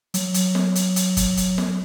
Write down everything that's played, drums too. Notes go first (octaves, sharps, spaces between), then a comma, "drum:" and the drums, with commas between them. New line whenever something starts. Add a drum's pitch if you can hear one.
F#3, drum: hi-hat
drum: hi-hat
drum: snare
drum: hi-hat
drum: hi-hat
drum: kick F#1, hi-hat
drum: hi-hat
drum: snare